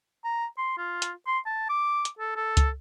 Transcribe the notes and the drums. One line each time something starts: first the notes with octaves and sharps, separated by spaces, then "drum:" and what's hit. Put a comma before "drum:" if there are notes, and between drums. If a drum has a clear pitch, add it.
A#5
C6
F4
drum: hi-hat
C6
A5
D6
drum: hi-hat
A4
A4
drum: kick C#2, hi-hat